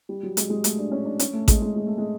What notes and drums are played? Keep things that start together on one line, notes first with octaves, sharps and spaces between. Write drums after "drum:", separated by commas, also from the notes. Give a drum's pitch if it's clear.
G3
F#3
G#3, drum: hi-hat
G#3
A3, drum: hi-hat
D4
C#4
D4
C#4, drum: hi-hat
A3
G#3, drum: kick A1, hi-hat
G#3
G#3
A3
G#3